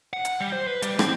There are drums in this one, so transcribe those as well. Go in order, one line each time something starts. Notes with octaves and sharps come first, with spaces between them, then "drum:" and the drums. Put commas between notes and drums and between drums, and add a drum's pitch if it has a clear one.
F#5
drum: hi-hat
G3
C5
B4
G3, drum: hi-hat
C4, drum: rim click